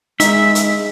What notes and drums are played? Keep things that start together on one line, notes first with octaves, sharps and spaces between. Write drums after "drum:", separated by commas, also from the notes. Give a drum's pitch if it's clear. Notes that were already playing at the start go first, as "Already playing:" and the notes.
G#3 D#4 E5, drum: hi-hat
drum: hi-hat